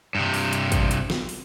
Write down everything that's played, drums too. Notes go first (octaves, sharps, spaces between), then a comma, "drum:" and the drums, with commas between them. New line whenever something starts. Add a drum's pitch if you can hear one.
G2 C3
drum: open hi-hat
drum: hi-hat
drum: kick, hi-hat
drum: hi-hat
drum: snare
drum: open hi-hat